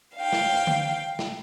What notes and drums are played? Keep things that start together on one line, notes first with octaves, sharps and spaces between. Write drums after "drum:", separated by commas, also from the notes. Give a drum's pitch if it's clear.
F5 G5
drum: snare
drum: tom D3
drum: snare